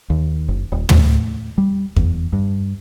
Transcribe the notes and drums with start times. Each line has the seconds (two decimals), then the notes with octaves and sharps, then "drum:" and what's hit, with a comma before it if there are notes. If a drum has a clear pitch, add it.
0.10 D#2
0.48 F#1
0.72 D#1
0.89 A2, drum: tom
1.58 G3
1.96 E2, drum: kick F2
2.33 G2